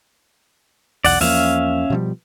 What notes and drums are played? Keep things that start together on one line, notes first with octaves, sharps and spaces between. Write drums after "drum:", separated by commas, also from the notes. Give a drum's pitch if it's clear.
B1 E2 D5 F#5, drum: open hi-hat
E2 F3 A#3 C#4 E5 F5, drum: open hi-hat
B2 F3 G3